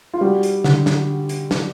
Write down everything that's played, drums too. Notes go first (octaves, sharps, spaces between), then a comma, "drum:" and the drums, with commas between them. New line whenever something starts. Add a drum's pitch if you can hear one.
F4
G3 F#4
drum: hi-hat
D3, drum: snare
drum: snare
drum: hi-hat
drum: snare